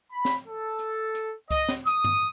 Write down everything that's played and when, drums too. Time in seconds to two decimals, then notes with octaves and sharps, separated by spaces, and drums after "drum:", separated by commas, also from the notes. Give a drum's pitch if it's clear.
0.12 B5
0.25 drum: snare
0.47 A4
0.79 drum: hi-hat
1.15 drum: hi-hat
1.51 D#5, drum: kick C#2, hi-hat
1.69 drum: snare
1.87 D#6, drum: hi-hat
2.04 drum: tom G2